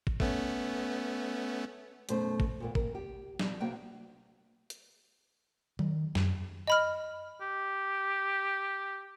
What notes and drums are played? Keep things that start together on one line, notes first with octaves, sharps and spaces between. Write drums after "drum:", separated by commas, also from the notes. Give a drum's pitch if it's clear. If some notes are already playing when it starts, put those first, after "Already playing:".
drum: kick
A3 B3 C#4, drum: kick
F#2 B2 A3 C5, drum: hi-hat
drum: kick
A#2 A#3 B3
A#3 A#4, drum: kick
G4
B2 F3 G3, drum: snare
C3 A#3 B3 F#4 G5
drum: hi-hat
D#3, drum: tom F#3
F#2, drum: snare
D#5 B5 F6
G4